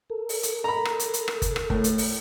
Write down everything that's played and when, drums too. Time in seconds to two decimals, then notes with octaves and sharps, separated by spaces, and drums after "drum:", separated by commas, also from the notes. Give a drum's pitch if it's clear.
0.10 A4 A#4
0.29 drum: open hi-hat
0.43 drum: hi-hat
0.64 A#5 B5
0.85 drum: rim click
0.99 drum: hi-hat
1.14 drum: hi-hat
1.28 drum: rim click
1.42 drum: kick G1, hi-hat
1.56 drum: rim click
1.70 A2, drum: kick G1
1.84 drum: hi-hat
1.98 drum: open hi-hat